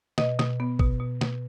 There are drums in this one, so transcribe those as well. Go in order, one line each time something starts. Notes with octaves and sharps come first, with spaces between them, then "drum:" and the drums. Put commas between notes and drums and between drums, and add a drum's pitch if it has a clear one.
B2 D#5, drum: snare
B2, drum: snare
B3
B2, drum: kick
B2
B2, drum: snare